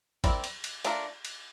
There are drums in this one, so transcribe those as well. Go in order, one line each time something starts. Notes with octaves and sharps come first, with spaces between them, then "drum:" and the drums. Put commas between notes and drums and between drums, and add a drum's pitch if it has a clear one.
C4 E4 A#4 D5, drum: kick G#1, cymbal
drum: cymbal
drum: cymbal
A3 D4 F4 A#4, drum: cymbal
drum: cymbal